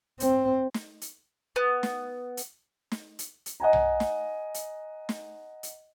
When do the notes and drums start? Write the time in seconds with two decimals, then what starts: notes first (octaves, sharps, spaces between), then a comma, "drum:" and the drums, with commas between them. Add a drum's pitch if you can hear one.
0.20 C4, drum: hi-hat
0.74 drum: snare
1.01 drum: hi-hat
1.56 B3
1.83 drum: snare
2.37 drum: hi-hat
2.92 drum: snare
3.19 drum: hi-hat
3.46 drum: hi-hat
3.60 D#5 F#5 G#5 A#5
3.73 drum: tom B1
4.00 drum: snare
4.54 drum: hi-hat
5.09 drum: snare
5.63 drum: hi-hat